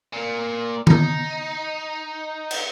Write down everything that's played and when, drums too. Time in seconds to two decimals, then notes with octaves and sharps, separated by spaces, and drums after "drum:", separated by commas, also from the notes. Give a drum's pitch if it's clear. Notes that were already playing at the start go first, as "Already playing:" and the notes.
0.13 A#2
0.87 D#4, drum: tom D#3
2.51 drum: cymbal